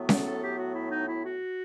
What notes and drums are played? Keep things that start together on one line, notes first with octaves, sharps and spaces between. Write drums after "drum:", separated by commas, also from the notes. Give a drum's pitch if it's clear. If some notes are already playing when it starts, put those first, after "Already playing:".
Already playing: A2 F#3 B3
A4, drum: snare C#4
A4
G4
F#4
E4
D#4
E4
F#4